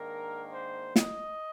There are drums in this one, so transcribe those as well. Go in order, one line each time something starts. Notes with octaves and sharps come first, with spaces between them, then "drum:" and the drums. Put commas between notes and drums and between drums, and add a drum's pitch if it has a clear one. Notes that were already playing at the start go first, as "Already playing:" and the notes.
Already playing: G#2 D#3 A#3 D4 A#4
C5
D#5, drum: snare